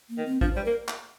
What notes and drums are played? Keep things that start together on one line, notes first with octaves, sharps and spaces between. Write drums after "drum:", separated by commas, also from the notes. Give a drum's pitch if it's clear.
A#3
D#3
C4
F3 D4, drum: kick A1
G3 C5
A#3 A#4
drum: clap